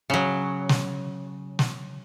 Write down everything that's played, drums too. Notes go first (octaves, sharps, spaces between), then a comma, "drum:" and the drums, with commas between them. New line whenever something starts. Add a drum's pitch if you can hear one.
C#3 F#3
drum: snare
drum: snare